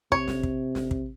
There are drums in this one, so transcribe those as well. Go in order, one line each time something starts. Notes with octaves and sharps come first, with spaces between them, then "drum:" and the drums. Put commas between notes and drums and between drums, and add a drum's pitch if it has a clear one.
C3 C#5, drum: kick
drum: snare
drum: kick
drum: snare
drum: kick